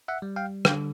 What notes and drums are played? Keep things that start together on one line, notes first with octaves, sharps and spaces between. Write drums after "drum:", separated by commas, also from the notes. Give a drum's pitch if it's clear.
E5 F#5
G3
F5 G5
D3 F5 G5, drum: rim click